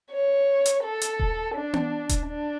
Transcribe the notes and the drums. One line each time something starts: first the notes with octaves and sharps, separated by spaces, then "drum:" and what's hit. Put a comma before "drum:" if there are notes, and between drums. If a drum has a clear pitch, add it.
C#5
drum: hi-hat
A4
drum: hi-hat
drum: kick D#1
D4
drum: tom B3
drum: kick D#1, hi-hat
D4